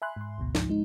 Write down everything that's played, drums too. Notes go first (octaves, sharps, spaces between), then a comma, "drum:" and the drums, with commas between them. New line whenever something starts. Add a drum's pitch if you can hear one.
E5 G#5 B5 C6 F#6
G#2 C6
A1 D2 B2
C#2 G#2 F3 D#4, drum: snare
G#3 D#4